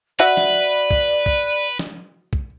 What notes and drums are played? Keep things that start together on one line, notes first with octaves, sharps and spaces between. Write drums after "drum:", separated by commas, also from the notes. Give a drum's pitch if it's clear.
F#4 B4 D5 E5 F#5
drum: snare
drum: kick B1
drum: kick B1
drum: snare
drum: kick B1